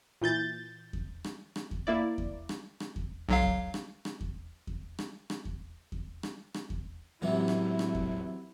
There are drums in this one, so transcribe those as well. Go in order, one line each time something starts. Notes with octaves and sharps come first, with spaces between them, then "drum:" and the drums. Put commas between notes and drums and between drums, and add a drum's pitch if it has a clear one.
A#2 E3 G6 A6
drum: kick E2
drum: rim click
drum: rim click
drum: kick E2
A#3 E4 D5
drum: kick E2
drum: rim click
drum: rim click
drum: kick E2
B1 F#3 F5
drum: kick E2
drum: rim click
drum: rim click
drum: kick E2
drum: kick E2
drum: rim click
drum: rim click
drum: kick E2
drum: kick E2
drum: rim click
drum: rim click
drum: kick E2
F#2 A2 C3 E3 F#3 G#3 E4
drum: rim click
drum: rim click
drum: kick E2